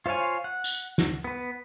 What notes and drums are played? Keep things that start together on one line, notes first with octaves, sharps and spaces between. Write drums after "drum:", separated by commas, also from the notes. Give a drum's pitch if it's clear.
F4 C5 C#5 F5 G#5
F#5
drum: tambourine
drum: snare
B3 B4